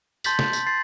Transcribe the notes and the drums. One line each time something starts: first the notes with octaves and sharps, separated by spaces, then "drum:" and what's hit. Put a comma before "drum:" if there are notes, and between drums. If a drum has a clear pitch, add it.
A5 C6 G6 A6 B6 F#7, drum: tambourine
drum: snare
drum: tambourine
C6 A6 C7